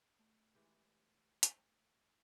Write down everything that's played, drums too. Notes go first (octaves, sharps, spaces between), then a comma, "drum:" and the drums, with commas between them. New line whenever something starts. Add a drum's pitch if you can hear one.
A3
E3 G#3 G4
drum: hi-hat